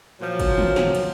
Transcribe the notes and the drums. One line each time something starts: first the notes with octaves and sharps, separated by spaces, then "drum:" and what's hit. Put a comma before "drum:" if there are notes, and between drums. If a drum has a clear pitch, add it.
A#2 F3 F#3
drum: kick, cymbal
drum: tom
drum: snare
drum: cymbal